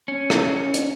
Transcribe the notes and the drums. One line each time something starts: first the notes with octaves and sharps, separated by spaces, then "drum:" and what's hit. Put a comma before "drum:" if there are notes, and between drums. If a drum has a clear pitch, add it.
C#4
drum: rim click
drum: hi-hat